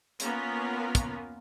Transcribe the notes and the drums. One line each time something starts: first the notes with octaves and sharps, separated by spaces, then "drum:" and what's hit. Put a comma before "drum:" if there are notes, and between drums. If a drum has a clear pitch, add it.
A#3 B3 C#4 F4 A#4, drum: hi-hat
drum: kick, hi-hat